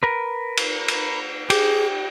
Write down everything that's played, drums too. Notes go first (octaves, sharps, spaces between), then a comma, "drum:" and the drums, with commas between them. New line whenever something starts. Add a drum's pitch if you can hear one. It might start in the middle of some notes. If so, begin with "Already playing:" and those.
A#4 B4
drum: cymbal
drum: cymbal
G4 G#4, drum: cymbal